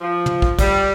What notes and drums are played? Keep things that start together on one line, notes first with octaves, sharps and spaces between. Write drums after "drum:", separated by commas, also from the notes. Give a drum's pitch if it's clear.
F3
drum: tom
drum: kick
G3, drum: kick, cymbal